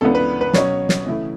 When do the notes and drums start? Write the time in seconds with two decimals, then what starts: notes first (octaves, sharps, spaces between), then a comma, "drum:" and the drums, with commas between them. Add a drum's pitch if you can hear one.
0.01 C#2 C#3 E3 B3 D4 A4
0.15 B4
0.41 B4
0.53 B2 F#3 C#4 C#5, drum: snare
0.89 drum: snare
1.06 C#3 E3 A3 E4